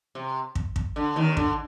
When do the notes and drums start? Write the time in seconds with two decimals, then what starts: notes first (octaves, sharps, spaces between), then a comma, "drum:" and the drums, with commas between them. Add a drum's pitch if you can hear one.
0.15 C3
0.55 drum: kick
0.76 drum: kick
0.96 D3
1.16 D#2 D#3
1.37 D3, drum: kick